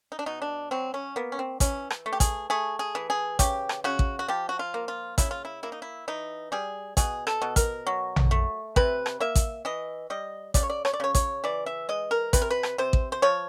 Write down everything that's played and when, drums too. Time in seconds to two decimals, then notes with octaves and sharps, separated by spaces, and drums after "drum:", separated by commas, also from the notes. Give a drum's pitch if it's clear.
0.12 D#4
0.19 D4
0.26 B2 D#4
0.42 D4
0.71 F#3 C4
0.94 C#4
1.16 A#3 B3
1.32 C#4
1.39 C4
1.60 E3 C#4, drum: kick A1, hi-hat
1.90 drum: rim click
2.06 A3
2.13 G4
2.20 G#4, drum: kick A1, hi-hat
2.50 A3 G#4
2.79 G#4
2.95 E3
3.10 G#4
3.39 C#3 G4, drum: kick A1, hi-hat
3.69 drum: rim click
3.84 C#3 F#4
3.99 drum: kick A1
4.19 F#4
4.28 F3 G4
4.49 F#4
4.59 F4
4.74 A#3
4.88 F4
5.18 C#3 E4, drum: kick A1, hi-hat
5.31 F4
5.45 E4
5.63 A#3 E4
5.72 D#4
5.82 E4
6.08 E3 D#4
6.52 G3 G#4
6.97 B2 G#4, drum: kick A1, hi-hat
7.27 A4, drum: rim click
7.42 B2
7.56 A#4, drum: kick A1, hi-hat
7.87 F#3
8.16 drum: tom A#1
8.31 A3
8.76 C3 B4, drum: kick A1
9.06 drum: rim click
9.20 A#3 E5
9.35 drum: kick A1, hi-hat
9.65 E3 D#5
10.10 G3 D#5
10.54 C#3 D5, drum: kick A1, hi-hat
10.63 C#5
10.70 D5
10.85 C#5, drum: rim click
10.93 D5
11.00 C#3 C#5
11.15 C#5, drum: kick A1, hi-hat
11.44 E3 D5
11.66 E5
11.89 G#3 D#5
12.11 A#4
12.33 C3 B4, drum: kick A1, hi-hat
12.42 A#4
12.50 B4
12.63 drum: rim click
12.78 C3 C5
12.93 drum: kick A1
13.12 C5
13.22 F3 C#5